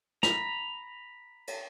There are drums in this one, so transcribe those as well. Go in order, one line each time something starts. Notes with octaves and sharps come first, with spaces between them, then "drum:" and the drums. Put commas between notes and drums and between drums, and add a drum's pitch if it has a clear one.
A#5 B5, drum: snare
drum: cymbal